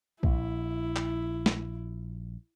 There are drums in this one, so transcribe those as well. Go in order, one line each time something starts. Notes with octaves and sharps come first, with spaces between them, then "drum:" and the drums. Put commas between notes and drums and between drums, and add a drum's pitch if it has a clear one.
A#1 E4, drum: kick B1
drum: clap
drum: snare